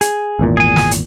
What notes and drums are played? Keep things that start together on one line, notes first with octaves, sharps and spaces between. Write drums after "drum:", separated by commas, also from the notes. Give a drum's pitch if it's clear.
G#4, drum: hi-hat
G#1 E2 A#2
G#4 G#5
drum: snare
drum: hi-hat